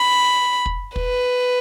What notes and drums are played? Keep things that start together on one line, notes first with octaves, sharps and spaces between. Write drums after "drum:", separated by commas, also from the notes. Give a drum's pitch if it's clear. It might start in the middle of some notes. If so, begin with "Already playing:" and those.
Already playing: B5
drum: kick
B4, drum: kick